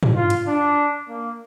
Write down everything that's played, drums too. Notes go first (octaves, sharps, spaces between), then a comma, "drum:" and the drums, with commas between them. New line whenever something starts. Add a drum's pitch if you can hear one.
drum: tom
F4
drum: hi-hat
D4
A#3